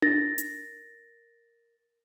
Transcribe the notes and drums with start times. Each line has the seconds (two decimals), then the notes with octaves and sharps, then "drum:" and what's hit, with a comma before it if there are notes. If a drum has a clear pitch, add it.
0.02 A#4 A6 A#6, drum: tom D4
0.38 drum: hi-hat